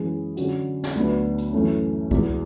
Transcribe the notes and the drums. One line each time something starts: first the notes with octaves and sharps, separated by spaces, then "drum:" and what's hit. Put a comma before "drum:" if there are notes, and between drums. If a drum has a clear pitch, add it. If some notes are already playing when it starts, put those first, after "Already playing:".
Already playing: F#2 E3 G#3 C#4 G#4
D3 F#3 C#4 F#4, drum: hi-hat
drum: snare
D2 D3 F#3 B3 D4
drum: hi-hat
F#2 E3 A3 C#4
E2 B2 G#3, drum: kick C2